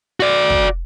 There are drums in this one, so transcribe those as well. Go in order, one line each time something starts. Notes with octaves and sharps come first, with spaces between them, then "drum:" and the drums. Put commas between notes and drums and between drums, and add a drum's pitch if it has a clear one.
F#4 D5
drum: kick